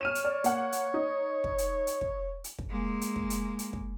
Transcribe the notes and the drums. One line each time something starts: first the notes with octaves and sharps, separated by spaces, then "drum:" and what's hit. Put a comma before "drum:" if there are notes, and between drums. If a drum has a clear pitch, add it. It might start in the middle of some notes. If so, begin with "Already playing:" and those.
C#5 F6 D#7 E7
drum: hi-hat
D5
A#3 F#5, drum: hi-hat
drum: hi-hat
D#4
drum: kick
drum: hi-hat
drum: hi-hat
drum: kick
drum: hi-hat
drum: kick
G#3 A#3
drum: hi-hat
drum: kick
drum: hi-hat
drum: hi-hat
drum: kick